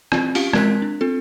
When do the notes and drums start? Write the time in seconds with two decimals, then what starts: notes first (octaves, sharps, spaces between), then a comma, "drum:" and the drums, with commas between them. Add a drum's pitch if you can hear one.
0.12 C4 F4, drum: rim click
0.35 C#4 F4 G4 F5 D7, drum: open hi-hat
0.53 G#3 C4 A#4 F#6 B6, drum: rim click
0.82 D4
1.01 C4 F4 A4